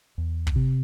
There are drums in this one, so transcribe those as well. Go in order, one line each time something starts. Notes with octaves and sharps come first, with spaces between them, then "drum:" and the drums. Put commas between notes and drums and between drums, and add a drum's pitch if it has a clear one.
E2
drum: kick
C3